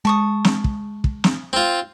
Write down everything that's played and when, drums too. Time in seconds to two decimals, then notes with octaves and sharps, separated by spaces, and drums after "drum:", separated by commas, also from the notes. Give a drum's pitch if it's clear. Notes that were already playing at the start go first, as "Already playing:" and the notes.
0.05 G#3 A5 C#6 D#6
0.44 drum: snare
0.64 drum: kick
1.04 drum: kick
1.24 drum: snare
1.53 C4 F4